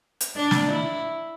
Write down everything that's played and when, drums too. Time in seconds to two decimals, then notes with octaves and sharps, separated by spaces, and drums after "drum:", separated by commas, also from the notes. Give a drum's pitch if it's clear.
0.21 drum: hi-hat
0.36 D4
0.51 drum: snare
0.72 E4